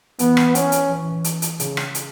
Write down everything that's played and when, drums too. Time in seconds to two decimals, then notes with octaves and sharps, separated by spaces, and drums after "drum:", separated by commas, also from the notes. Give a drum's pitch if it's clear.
0.19 E3 B3, drum: hi-hat
0.37 drum: rim click
0.55 C#4, drum: hi-hat
0.72 drum: hi-hat
0.89 E3
1.24 drum: hi-hat
1.42 drum: hi-hat
1.60 C#3, drum: hi-hat
1.77 drum: rim click
1.95 drum: hi-hat